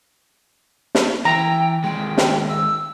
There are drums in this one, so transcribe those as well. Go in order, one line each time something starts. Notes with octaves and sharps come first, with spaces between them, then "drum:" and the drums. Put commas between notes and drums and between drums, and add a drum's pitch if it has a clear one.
drum: snare
E3 G5 A#5
D#2 G#3 G5
drum: snare
E6